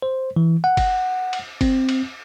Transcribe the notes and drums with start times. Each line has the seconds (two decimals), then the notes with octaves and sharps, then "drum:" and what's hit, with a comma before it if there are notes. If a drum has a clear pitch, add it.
0.02 C5
0.36 E3
0.64 F#5
0.77 drum: kick F#1, cymbal
1.33 drum: cymbal
1.61 C4, drum: kick F#1, cymbal
1.89 drum: cymbal